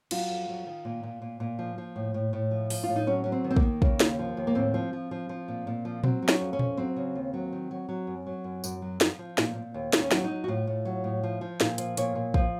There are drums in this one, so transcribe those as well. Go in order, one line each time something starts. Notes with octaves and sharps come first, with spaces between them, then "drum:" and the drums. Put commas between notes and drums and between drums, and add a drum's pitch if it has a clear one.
F#3 F4, drum: cymbal
F2
F#3
D#3
A#2
A#2
A#2
A#2
F3
F3
A2
A2
A2
F3
F3, drum: open hi-hat
A2 F4
D#4
F#3 C#4
F#3 C#4
C4
D#3
C4
A#3, drum: kick
D#3
C#3, drum: kick
D#2, drum: snare
F3
D#2
A#3
A2 C4
F3
F3
F3
F3
A#2
A#2
F3
F#3 C4, drum: tom A#2
F#3
C#4, drum: snare
F2
C#4
F2, drum: tom A#2
F#3 C4
C#3
D#2
F#3
D#3
F#3
F#3
F#2
F#3
F#2
F#2, drum: tambourine
F#3
F3, drum: snare
F3
A#2, drum: snare
A#2
D#2
D#2, drum: snare
C#4
F#3, drum: snare
D#4
F#3
F#4
A2 F4
A2
F#3
A2
F3
F3
A#2, drum: snare
F3, drum: hi-hat
A#2 C#5, drum: hi-hat
A#2
F3, drum: kick